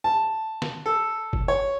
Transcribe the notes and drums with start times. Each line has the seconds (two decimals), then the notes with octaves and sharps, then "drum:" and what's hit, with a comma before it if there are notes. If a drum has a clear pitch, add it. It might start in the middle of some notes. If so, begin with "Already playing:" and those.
0.04 A5
0.62 drum: snare
0.86 A4
1.33 drum: kick G1
1.48 C#5